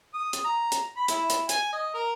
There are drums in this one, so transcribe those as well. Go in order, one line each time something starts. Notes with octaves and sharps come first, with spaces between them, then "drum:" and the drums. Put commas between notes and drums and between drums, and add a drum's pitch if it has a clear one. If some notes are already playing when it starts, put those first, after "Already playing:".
D#6
drum: hi-hat
A#5
drum: hi-hat
B5
E4, drum: hi-hat
drum: hi-hat
G#5, drum: hi-hat
D#5
A#4